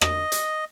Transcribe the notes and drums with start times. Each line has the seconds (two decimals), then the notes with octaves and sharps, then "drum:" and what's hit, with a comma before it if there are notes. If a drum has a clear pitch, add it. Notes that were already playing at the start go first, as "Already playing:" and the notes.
0.01 D#5, drum: rim click
0.32 drum: hi-hat